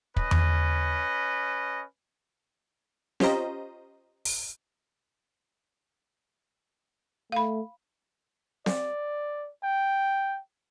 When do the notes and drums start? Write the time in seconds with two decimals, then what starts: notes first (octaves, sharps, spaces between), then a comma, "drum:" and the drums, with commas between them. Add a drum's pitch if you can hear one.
0.17 C#4 B4 D#5, drum: kick
0.31 drum: tom E2
3.20 C#4 F4 G4 C5 D#5 A#5, drum: snare C4
4.25 drum: open hi-hat
7.32 A3 F5 B5
8.66 D5, drum: snare C4
9.63 G5